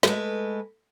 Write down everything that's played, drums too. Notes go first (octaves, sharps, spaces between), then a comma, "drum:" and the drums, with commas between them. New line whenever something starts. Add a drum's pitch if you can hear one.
G#3 A3 B4, drum: snare